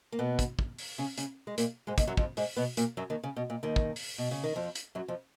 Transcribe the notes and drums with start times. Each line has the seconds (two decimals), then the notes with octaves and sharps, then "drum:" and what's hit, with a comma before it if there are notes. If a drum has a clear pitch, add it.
0.12 A#3
0.19 B2 B3
0.39 drum: kick, hi-hat
0.59 drum: kick
0.78 drum: open hi-hat
0.98 C#3 C#4
1.18 C#3 C#4, drum: hi-hat
1.47 G#3
1.58 A#2 A#3, drum: hi-hat
1.87 G#2 G#3
1.98 D#2 D#3, drum: kick, hi-hat
2.07 F#2 F#3
2.17 F2 F3, drum: kick
2.37 G#2 G#3, drum: open hi-hat
2.57 B2 B3
2.77 A#2 A#3, drum: hi-hat
2.97 F#2 F#3
3.10 D#2 D#3
3.23 C#3
3.36 B2
3.50 A#2
3.63 D#2 D#3
3.76 drum: kick
3.96 drum: open hi-hat
4.18 B2
4.31 C#3
4.44 D#3
4.56 F2 F3
4.75 drum: hi-hat
4.95 F#2 F#3
5.08 F2 F3